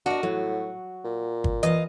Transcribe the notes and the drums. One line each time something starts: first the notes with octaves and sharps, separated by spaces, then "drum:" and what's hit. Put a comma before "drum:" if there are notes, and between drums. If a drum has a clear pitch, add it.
D4 F#4 A#4 D#5
A2 F#3
A#2
drum: kick G1
E3 D#5 F5, drum: hi-hat